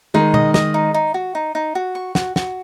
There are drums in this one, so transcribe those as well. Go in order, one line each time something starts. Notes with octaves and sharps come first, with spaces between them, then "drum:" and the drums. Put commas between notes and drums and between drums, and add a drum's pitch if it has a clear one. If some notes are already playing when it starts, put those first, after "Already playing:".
D#3 G#3 D#4
D#5, drum: tom B2
D#5, drum: snare
D#4
D#4
F#4
D#4
D#4
F#4
C#6
F#4, drum: snare
F#4, drum: snare